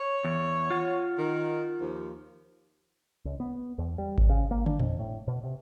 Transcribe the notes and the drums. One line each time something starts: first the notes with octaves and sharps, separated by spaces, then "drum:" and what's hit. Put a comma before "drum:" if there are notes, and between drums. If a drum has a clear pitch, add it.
C#5
E2
F4 F#5
D#3
D#2 F3
C#2
B3
E2
G3
G1, drum: kick G#1
C#3
A#3
D4, drum: tom
F2, drum: tom
A2
B2
C3